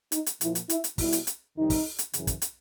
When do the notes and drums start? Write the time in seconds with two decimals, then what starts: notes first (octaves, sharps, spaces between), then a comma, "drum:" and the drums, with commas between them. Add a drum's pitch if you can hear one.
0.12 D#4, drum: hi-hat
0.26 drum: hi-hat
0.41 A#2 F3 E4, drum: hi-hat
0.55 drum: hi-hat
0.70 E4, drum: hi-hat
0.84 drum: hi-hat
0.98 B2 G3 E4, drum: kick, open hi-hat
1.12 drum: hi-hat
1.27 drum: hi-hat
1.55 F2 C3 D#3 G3 D#4
1.70 drum: kick, open hi-hat
1.99 drum: hi-hat
2.13 F#2 C#3 E3, drum: hi-hat
2.27 drum: kick, hi-hat
2.42 drum: hi-hat